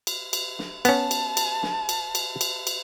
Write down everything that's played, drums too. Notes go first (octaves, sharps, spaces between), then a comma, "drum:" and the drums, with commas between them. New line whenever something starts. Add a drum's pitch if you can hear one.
drum: cymbal
drum: cymbal
drum: snare
B3 C#4 A5, drum: cymbal
drum: cymbal
drum: cymbal
drum: snare
drum: cymbal
drum: cymbal
drum: cymbal
drum: cymbal